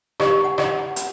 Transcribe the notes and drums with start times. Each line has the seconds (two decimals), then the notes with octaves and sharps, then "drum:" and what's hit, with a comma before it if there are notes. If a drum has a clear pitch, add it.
0.20 G4, drum: rim click
0.44 F#5
0.58 drum: rim click
0.70 F#5
0.96 F#5, drum: hi-hat